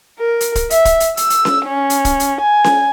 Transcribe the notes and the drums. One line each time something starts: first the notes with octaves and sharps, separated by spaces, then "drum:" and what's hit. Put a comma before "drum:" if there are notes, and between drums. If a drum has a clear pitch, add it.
A#4
drum: hi-hat
drum: kick, hi-hat
E5, drum: hi-hat
drum: kick, hi-hat
drum: hi-hat
E6, drum: hi-hat
drum: hi-hat
drum: snare C#4
C#4
drum: hi-hat
drum: kick, hi-hat
drum: hi-hat
G#5
drum: snare C#4